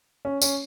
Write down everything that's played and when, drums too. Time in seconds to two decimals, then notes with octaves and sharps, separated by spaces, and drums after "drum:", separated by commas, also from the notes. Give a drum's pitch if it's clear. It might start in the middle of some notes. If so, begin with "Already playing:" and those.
0.25 C#4
0.42 C#4, drum: tambourine